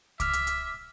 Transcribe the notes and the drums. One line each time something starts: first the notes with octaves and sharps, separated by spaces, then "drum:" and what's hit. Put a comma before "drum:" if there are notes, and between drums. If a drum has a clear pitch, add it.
E5 D6 F6, drum: kick C2, hi-hat
drum: hi-hat
drum: hi-hat